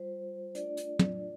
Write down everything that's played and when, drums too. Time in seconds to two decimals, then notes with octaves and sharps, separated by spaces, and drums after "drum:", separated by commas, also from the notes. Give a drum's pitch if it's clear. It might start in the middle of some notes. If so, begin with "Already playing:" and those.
Already playing: G3 F4 C5
0.55 A3 D4 F4 D5, drum: hi-hat
0.77 drum: hi-hat
0.99 drum: tom